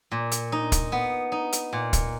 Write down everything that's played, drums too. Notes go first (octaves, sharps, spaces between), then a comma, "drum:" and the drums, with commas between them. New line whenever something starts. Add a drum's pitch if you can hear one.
A#2
drum: hi-hat
D#4
drum: kick, hi-hat
B3
D#4
drum: hi-hat
A#2
drum: kick, hi-hat